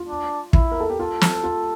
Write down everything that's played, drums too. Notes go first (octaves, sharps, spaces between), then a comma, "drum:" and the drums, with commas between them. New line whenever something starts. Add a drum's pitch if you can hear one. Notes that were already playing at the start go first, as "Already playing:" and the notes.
Already playing: F4
D4
E4, drum: kick
A#4
A4
G4
F4 A4
drum: snare
F4